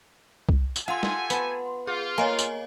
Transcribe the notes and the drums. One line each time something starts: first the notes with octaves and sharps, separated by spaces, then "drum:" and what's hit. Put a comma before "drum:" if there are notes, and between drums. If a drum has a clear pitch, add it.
drum: kick C2
drum: tambourine
F4 G4 A4 F#5 G#5 C6
drum: snare
B3 A5, drum: tambourine
F4 G#4
A#3 C#5 D#5 G#5
drum: tambourine